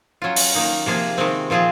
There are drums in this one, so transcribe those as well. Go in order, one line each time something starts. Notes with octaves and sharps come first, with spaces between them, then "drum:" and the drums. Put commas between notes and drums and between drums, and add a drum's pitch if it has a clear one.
F#3 C#4 F4
drum: open hi-hat
D#3 A#3 D#4
C3 F3 A#3 F4 G#4
C3 D#3 G#3 C4
A#2 F3 C4 F4 G#4